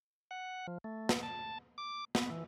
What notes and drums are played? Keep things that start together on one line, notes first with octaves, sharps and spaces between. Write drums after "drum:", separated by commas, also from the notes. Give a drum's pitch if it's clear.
F#5
F3
A3
drum: snare
A5
D6
B3, drum: snare
E3